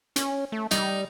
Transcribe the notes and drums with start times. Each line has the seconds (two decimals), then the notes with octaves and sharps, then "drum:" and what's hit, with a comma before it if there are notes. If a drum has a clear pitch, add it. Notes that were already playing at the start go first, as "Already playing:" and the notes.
0.16 C#4, drum: hi-hat
0.52 A3
0.71 G3 D#4, drum: hi-hat